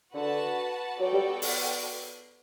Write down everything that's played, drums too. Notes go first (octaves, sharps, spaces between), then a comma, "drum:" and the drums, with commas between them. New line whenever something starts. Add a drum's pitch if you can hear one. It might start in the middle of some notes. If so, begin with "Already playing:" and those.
D3 F#4 B4 F#5 A5
F#3 B3 F#4 A4 D5 G5
G3
drum: open hi-hat